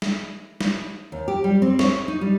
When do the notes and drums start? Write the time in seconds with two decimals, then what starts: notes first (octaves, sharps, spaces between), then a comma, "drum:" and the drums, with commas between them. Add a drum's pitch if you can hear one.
0.02 drum: snare
0.61 drum: snare
1.12 D#2
1.28 G4
1.44 G3
1.62 C4
1.79 C#5, drum: snare
2.08 D#4
2.21 G3